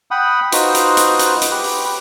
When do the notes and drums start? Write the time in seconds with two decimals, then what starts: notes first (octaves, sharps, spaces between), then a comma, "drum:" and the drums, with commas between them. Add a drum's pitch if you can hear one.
0.11 F#5 G5 B5 D#6
0.52 D#4 F4 F#4 B4 C5, drum: hi-hat
0.75 drum: hi-hat
0.97 drum: hi-hat
1.19 drum: hi-hat
1.42 drum: hi-hat
1.51 G4 B4
1.64 drum: open hi-hat